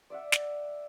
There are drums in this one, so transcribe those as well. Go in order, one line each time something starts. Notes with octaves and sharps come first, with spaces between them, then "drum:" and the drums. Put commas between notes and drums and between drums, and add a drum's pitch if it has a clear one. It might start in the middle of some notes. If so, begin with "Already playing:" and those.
D5 E5 F#5
drum: snare